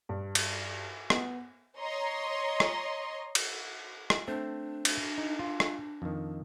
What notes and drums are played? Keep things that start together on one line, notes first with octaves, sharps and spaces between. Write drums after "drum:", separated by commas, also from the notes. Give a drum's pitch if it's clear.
G2
drum: cymbal
B3, drum: rim click
C#5 D#5 A#5 C6
drum: rim click
drum: cymbal
drum: rim click
A3 C4 D4
drum: cymbal
D#4
F4
drum: rim click
F2 D#3